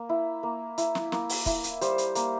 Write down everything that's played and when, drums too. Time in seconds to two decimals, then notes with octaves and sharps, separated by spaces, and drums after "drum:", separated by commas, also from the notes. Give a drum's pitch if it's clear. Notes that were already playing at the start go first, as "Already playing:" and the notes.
Already playing: A#3
0.09 E4
0.43 A#3
0.78 E4, drum: hi-hat
0.95 drum: snare
1.12 A#3, drum: snare
1.29 drum: open hi-hat
1.46 E4, drum: kick, hi-hat
1.64 drum: hi-hat
1.81 G3 C5, drum: hi-hat
1.98 drum: hi-hat
2.15 A#3, drum: hi-hat